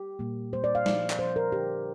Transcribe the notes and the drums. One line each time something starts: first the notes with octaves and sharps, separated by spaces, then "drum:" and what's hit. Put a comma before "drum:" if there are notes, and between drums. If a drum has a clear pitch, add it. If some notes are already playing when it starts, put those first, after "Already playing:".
Already playing: G4
A#2 G3 A#3
A#2 G3 A#3 C5
D5
F5
F3 D4 D5, drum: snare
drum: clap
F3 D4 C5
A#4
D3 G3 D4 G4